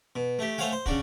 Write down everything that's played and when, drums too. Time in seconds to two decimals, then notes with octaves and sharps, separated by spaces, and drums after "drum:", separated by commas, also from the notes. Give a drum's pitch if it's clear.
0.16 B2
0.39 A3 G4
0.58 A3 C5 C#5 F5 F#5 G#5
0.73 C5
0.86 C#3 D4 F#4, drum: kick